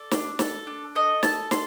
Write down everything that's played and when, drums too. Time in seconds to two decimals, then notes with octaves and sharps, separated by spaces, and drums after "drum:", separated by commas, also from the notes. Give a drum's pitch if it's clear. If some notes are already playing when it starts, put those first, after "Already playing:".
Already playing: A4 D5
0.11 D4, drum: snare
0.39 A4, drum: snare
0.67 D4
0.95 A4 D#5
1.23 A4 A5, drum: snare
1.51 A4 C6, drum: snare